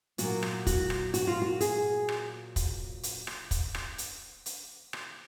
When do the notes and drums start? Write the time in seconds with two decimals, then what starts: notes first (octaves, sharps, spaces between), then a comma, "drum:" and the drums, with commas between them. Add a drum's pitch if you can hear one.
0.18 A#2 F#3 A#3 F#4, drum: hi-hat
0.43 drum: rim click
0.67 F#4, drum: kick, hi-hat
0.90 drum: rim click
1.14 F#4, drum: hi-hat
1.27 F4
1.42 F#4
1.61 G#4, drum: hi-hat
2.09 drum: rim click
2.56 drum: kick, hi-hat
3.03 drum: hi-hat
3.27 drum: rim click
3.51 drum: kick, hi-hat
3.75 drum: rim click
3.98 drum: hi-hat
4.46 drum: hi-hat
4.93 drum: rim click